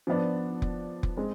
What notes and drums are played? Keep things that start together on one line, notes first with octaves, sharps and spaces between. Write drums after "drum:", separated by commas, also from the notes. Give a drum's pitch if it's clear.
F3 B3 D4
drum: kick F1
drum: kick F1
G#3 C4 G#4